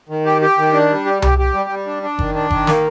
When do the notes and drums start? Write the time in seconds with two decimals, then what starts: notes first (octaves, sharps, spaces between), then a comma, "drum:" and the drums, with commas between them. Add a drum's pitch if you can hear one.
0.09 D#3
0.25 G4
0.42 G4
0.58 D#3
0.73 D4
0.90 G3
1.05 G4
1.22 G4, drum: tom C2
1.38 G4
1.54 G3
1.70 G3
1.87 D4
2.03 D4
2.19 D#3, drum: kick F#1
2.35 D4
2.51 D#3, drum: kick F#1
2.67 A#3, drum: snare